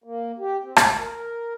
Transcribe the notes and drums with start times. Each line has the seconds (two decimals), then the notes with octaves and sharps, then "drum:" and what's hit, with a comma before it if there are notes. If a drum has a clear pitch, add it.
0.04 A#3
0.39 G4
0.63 C4
0.76 D2, drum: rim click
0.98 A#4